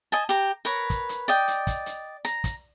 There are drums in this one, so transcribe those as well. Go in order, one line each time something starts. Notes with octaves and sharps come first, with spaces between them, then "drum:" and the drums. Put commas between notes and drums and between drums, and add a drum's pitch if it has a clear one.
D#5 G#5 A5
G4 A#5
A#4 B4 C#5
drum: kick, hi-hat
drum: hi-hat
D5 D#5 G5
drum: hi-hat
drum: kick, hi-hat
drum: hi-hat
A#5, drum: hi-hat
drum: kick, hi-hat